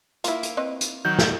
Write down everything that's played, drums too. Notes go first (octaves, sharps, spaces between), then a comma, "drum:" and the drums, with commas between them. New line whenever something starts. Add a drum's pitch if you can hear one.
A#3 E4 F4, drum: hi-hat
drum: hi-hat
C4 B4 D#5
drum: hi-hat
D#3 F#3 G6
drum: snare